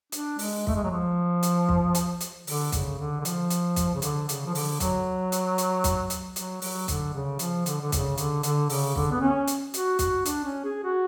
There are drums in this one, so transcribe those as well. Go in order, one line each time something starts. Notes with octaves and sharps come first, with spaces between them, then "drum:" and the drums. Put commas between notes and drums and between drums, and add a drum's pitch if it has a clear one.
D4, drum: hi-hat
G#3, drum: open hi-hat
A3, drum: kick
G#3
F#3
F3
drum: hi-hat
drum: kick
drum: hi-hat
drum: hi-hat
D3, drum: open hi-hat
C#3, drum: kick, hi-hat
D3
D3
F3, drum: hi-hat
drum: hi-hat
drum: kick, hi-hat
C#3
D3, drum: hi-hat
C#3, drum: hi-hat
F3
D3, drum: open hi-hat
F#3, drum: kick, hi-hat
drum: hi-hat
drum: hi-hat
drum: kick, hi-hat
drum: hi-hat
F#3, drum: hi-hat
F#3, drum: open hi-hat
D3, drum: kick, hi-hat
C#3
F3, drum: hi-hat
D3, drum: hi-hat
D3
C#3, drum: kick, hi-hat
D3, drum: hi-hat
D3, drum: hi-hat
C#3, drum: open hi-hat
D3, drum: kick
B3
C#4
drum: hi-hat
F#4, drum: hi-hat
F#4, drum: kick, hi-hat
D4, drum: hi-hat
C#4
G#4
F#4